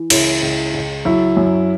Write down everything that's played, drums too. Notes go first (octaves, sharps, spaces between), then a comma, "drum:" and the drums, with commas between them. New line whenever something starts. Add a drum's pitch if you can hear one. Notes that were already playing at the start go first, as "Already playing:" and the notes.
Already playing: E3
C#2 E4, drum: cymbal
C#2
C#2
F#3 E4
F#2